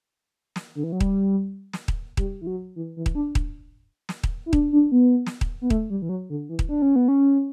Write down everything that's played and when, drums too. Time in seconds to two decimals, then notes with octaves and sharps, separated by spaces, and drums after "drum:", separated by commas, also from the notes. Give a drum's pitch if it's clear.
0.56 drum: snare
0.75 D3
0.84 E3
0.92 F#3
1.00 G3, drum: kick D#1
1.73 drum: snare
1.88 drum: kick D#1
2.17 G3, drum: kick D#1
2.41 E3
2.47 F#3
2.76 E3
2.97 E3
3.06 drum: kick D#1
3.15 D4
3.35 drum: kick D#1
4.09 drum: snare
4.23 drum: kick D#1
4.46 E4
4.53 D4, drum: kick D#1
4.72 D4
4.92 B3
5.26 drum: snare
5.41 drum: kick D#1
5.61 B3
5.70 A3, drum: kick D#1
5.90 G3
6.02 E3
6.09 F#3
6.30 D3
6.49 E3
6.59 drum: kick D#1
6.69 D4
6.82 C#4
6.96 B3
7.08 C#4